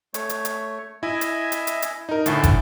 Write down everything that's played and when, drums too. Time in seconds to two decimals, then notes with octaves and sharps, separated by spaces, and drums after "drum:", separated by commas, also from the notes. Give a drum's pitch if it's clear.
0.14 A3 C#5, drum: hi-hat
0.29 drum: hi-hat
0.45 drum: hi-hat
1.03 E4 D#5 E5 G#5
1.21 drum: hi-hat
1.52 drum: hi-hat
1.67 drum: hi-hat
1.82 drum: hi-hat
2.09 D#4 A#4
2.26 D2 A2 A3 A5, drum: hi-hat
2.43 drum: kick, hi-hat